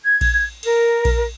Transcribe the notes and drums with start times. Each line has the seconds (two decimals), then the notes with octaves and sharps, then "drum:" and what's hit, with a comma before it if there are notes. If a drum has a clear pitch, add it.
0.03 G#6
0.21 drum: kick A#1, cymbal
0.63 A#4, drum: cymbal
1.05 drum: kick A#1, cymbal